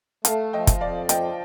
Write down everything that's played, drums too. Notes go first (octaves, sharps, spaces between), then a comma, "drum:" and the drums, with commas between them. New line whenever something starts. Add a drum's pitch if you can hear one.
A3 F5 A5, drum: hi-hat
F3 D#5 G5
drum: kick, hi-hat
F2 D5 F5
F3 D#5 G5, drum: hi-hat